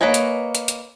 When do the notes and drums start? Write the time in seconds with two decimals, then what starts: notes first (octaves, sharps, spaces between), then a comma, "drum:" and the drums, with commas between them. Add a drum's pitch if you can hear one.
0.01 A#3 B4 C#5 D#5 G#5
0.14 drum: hi-hat
0.55 drum: hi-hat
0.68 drum: hi-hat